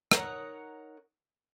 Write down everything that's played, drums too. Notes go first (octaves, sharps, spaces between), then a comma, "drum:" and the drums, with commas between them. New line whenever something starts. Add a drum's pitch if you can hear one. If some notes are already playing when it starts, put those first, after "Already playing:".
D#4 A#4 C#5 F#5, drum: rim click